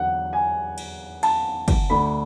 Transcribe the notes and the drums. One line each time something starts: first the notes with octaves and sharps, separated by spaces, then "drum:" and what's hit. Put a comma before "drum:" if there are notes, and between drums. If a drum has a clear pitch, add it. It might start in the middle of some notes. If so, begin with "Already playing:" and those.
Already playing: E2 D3 F#3 F#5
G#5
drum: cymbal
A5, drum: cymbal
drum: kick, cymbal
D2 D3 A3 D4 B5